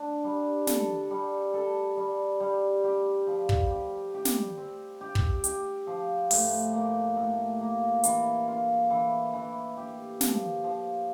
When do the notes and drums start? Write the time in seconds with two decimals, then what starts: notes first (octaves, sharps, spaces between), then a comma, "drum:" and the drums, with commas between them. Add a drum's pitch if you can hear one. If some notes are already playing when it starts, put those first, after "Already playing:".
Already playing: D4
0.24 G3
0.67 A4, drum: snare
1.11 G3
1.54 A4
1.97 G3
2.40 G3
2.84 G4
3.27 F3
3.49 drum: kick
3.71 G4
4.14 G4
4.25 drum: snare
4.57 C4
5.01 G4
5.15 drum: kick
5.44 G4, drum: hi-hat
5.87 F3
6.31 A2, drum: open hi-hat
6.73 A#3
7.17 A2
7.60 A#3
8.04 E3, drum: hi-hat
8.48 F4
8.90 E3
9.34 E3
9.77 G4
10.21 F3, drum: snare
10.64 F3